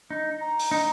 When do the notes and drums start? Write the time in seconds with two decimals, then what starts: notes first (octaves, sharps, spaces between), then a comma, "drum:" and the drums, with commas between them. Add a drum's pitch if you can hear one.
0.10 D#4
0.41 A#5
0.59 drum: open hi-hat
0.71 D#4